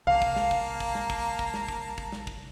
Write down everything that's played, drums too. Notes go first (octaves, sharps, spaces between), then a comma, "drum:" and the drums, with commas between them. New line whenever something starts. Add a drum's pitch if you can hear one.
C2 A#3 F5 A5 A#5
drum: kick
drum: snare
drum: kick
drum: kick
drum: snare
drum: kick
drum: kick
drum: snare
drum: kick
drum: kick
drum: snare
drum: kick